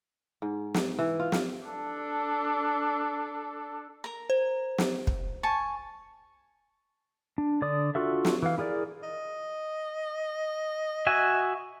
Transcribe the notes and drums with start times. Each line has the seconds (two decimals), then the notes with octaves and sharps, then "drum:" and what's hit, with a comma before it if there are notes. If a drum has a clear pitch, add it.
0.42 G#2
0.74 drum: snare
0.99 E3
1.20 F4
1.32 drum: snare
1.67 D4 A4
4.04 A#4 A#5
4.30 C5
4.78 drum: snare
5.07 drum: kick
5.43 G#5 A5 C#6
7.38 D4
7.62 D3 D5 D#6
7.95 D4 F4 F#4 A4 E5
8.25 drum: snare
8.43 E3 F5
8.58 E4 G#4 A#4 D5
9.03 D#5
11.07 F#4 E5 G#5